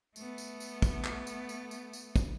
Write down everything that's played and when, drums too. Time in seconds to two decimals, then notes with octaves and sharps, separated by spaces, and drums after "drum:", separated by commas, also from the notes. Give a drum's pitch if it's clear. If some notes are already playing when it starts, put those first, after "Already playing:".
0.16 A3 B3, drum: tambourine
0.38 drum: tambourine
0.60 drum: tambourine
0.82 drum: kick, tambourine
1.05 drum: clap
1.27 drum: tambourine
1.49 drum: tambourine
1.71 drum: tambourine
1.93 drum: tambourine
2.16 drum: kick, tambourine